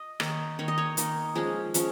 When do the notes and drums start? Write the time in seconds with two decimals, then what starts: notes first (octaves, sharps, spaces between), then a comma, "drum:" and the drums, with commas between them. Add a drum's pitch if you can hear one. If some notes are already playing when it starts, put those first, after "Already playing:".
Already playing: D#5
0.20 D#3 A#3 D#4 C#5, drum: rim click
0.59 D#3 A#3 D#4 C#5
0.68 D#5
0.78 C#5
0.97 D#3 A#3 D#4, drum: hi-hat
1.35 F3 G#3 C#4 G#4
1.74 F3 G#3 C#4, drum: hi-hat